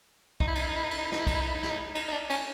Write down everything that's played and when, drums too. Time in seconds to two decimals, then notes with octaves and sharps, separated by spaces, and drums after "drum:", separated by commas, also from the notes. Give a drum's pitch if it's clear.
0.40 D#4, drum: kick
0.48 E4
0.55 D#4, drum: cymbal
0.62 E4
0.69 D#4
0.76 E4
0.84 D#4
0.91 E4, drum: cymbal
0.98 D#4
1.05 E4
1.12 D#4, drum: snare
1.20 E4
1.27 D#4, drum: kick, cymbal
1.35 E4
1.41 D#4
1.48 E4
1.55 D#4
1.63 E4, drum: snare
1.70 D#4
1.95 D#4, drum: cymbal
2.08 D#4
2.12 D4
2.30 C#4, drum: cymbal